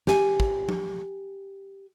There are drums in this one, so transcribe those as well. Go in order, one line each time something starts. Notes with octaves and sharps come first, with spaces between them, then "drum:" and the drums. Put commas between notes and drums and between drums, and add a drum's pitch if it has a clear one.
G4 G#5, drum: snare
drum: kick
drum: tom F3